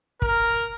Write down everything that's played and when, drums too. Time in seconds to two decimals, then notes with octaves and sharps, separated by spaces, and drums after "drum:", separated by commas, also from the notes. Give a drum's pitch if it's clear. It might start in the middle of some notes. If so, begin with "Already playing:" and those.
0.22 A#4, drum: kick